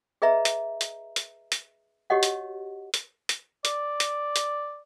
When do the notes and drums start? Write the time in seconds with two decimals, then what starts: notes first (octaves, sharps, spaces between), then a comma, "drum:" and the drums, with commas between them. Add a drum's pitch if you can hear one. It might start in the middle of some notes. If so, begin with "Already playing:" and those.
0.22 G#4 B4 D#5 E5 A#5
0.45 drum: hi-hat
0.81 drum: hi-hat
1.16 drum: hi-hat
1.52 drum: hi-hat
2.10 F#4 G4 C#5 D#5 F#5
2.23 drum: hi-hat
2.94 drum: hi-hat
3.29 drum: hi-hat
3.65 D5, drum: hi-hat
4.00 drum: hi-hat
4.36 drum: hi-hat